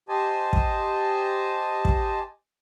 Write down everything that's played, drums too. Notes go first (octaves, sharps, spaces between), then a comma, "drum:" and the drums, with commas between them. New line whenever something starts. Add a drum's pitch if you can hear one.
G4 C5 D#5 G#5 A5
drum: kick
drum: kick